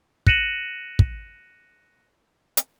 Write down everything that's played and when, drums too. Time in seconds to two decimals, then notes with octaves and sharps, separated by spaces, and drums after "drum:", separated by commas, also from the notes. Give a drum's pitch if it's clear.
0.27 F#6 A#6 C#7 D#7 E7 F#7, drum: kick
0.99 drum: kick
2.57 drum: hi-hat